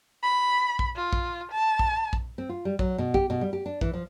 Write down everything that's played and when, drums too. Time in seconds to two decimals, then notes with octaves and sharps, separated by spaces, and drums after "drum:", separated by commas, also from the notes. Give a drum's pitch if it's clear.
0.23 B5
0.79 drum: kick A#1
0.96 F4
1.13 drum: kick A#1
1.51 A5
1.79 drum: kick A#1
2.13 drum: kick A#1
2.38 C4
2.49 F4
2.65 G3
2.79 F#3, drum: kick A#1
2.98 B2
3.14 G4, drum: kick A#1
3.30 B2
3.41 G3
3.53 G4
3.66 D4
3.81 E3, drum: kick A#1
3.93 F3